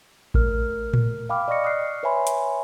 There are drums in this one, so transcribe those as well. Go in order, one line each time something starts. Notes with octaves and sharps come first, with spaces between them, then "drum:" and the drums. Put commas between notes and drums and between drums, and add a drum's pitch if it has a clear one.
A3 A#4 F6, drum: kick A1
drum: tom A2
F5 G5 B5 D6 F6
D5 D#5 C#6 D#6 A#6 C#7
D#6 F6 F#6 C7
B4 C#5 E5 G#5 B5 C6
drum: hi-hat